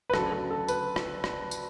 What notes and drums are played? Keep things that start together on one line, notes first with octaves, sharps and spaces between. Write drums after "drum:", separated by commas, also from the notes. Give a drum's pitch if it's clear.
B4
D2 C#3 F#3 A4, drum: rim click
A4
A4
B4, drum: tambourine
drum: rim click
drum: rim click
drum: tambourine